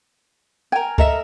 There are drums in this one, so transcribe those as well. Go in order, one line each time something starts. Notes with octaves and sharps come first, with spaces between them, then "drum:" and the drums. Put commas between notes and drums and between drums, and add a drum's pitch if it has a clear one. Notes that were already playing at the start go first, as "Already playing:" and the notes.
A#4 G5 G#5
A4 A#4 D#5 E5, drum: kick C#2